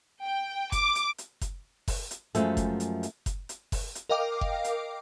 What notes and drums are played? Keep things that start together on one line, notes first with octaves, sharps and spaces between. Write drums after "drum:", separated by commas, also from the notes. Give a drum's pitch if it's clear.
G5
D6, drum: kick F#1, hi-hat
drum: hi-hat
drum: hi-hat
drum: kick F#1, hi-hat
drum: kick F#1, open hi-hat
drum: hi-hat
F#2 F3 G#3 A3 A4, drum: hi-hat
drum: kick F#1, hi-hat
drum: hi-hat
drum: hi-hat
drum: kick F#1, hi-hat
drum: hi-hat
drum: kick F#1, open hi-hat
drum: hi-hat
A#4 D#5 F5 G5 D6
drum: kick F#1
drum: hi-hat